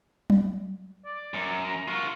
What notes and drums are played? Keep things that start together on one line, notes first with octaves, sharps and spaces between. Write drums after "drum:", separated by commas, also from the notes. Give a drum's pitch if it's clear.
drum: tom F#3
D5
F#2
A#5
F4 F#4 A#4